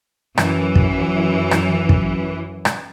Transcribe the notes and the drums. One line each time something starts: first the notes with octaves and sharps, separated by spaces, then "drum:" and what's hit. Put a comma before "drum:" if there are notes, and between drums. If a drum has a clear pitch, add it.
F#2 E3, drum: rim click
drum: kick
drum: rim click
drum: kick
drum: rim click